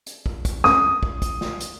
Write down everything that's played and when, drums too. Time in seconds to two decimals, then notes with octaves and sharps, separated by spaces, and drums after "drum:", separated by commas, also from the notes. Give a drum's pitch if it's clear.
0.06 drum: hi-hat
0.26 drum: kick
0.45 drum: kick, hi-hat
0.64 D#6, drum: snare
1.03 drum: kick
1.22 drum: kick, hi-hat
1.41 drum: snare
1.60 drum: hi-hat